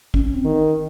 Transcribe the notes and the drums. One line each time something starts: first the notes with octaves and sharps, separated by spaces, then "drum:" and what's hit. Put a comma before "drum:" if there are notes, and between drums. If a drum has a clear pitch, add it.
C#4, drum: kick G#1
C#4
C4
D#3